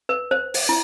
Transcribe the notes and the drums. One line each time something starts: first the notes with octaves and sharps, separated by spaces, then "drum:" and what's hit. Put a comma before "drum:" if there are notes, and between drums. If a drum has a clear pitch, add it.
B4
C5
drum: open hi-hat
E4